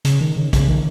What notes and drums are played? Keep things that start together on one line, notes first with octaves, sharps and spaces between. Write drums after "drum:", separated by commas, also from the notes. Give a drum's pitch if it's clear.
C#3, drum: hi-hat
D#3
C#3
C#3, drum: kick, hi-hat
D#3